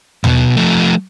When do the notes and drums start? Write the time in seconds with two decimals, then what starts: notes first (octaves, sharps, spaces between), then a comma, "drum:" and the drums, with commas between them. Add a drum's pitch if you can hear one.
0.24 B1 B2, drum: tom D#2
0.57 F3 A3